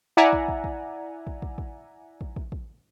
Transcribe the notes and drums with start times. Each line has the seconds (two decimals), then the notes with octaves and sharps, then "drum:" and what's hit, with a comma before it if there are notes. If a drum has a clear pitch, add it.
0.17 E4 D5 E5 F#5 G#5 A#5
0.33 drum: kick
0.48 drum: kick
0.64 drum: kick
1.27 drum: kick
1.42 drum: kick
1.58 drum: kick
2.21 drum: kick
2.36 drum: kick
2.52 drum: kick